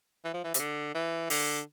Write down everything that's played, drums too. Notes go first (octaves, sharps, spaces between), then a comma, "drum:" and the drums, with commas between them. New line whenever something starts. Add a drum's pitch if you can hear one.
E3
F3
E3
C3, drum: hi-hat
D3
E3
D3, drum: open hi-hat